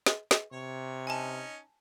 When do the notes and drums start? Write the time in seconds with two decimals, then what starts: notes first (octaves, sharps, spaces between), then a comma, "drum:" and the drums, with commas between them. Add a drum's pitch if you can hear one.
0.06 drum: snare
0.31 drum: snare
0.52 C3 C#5
1.07 C#4 D#4 G#5 A5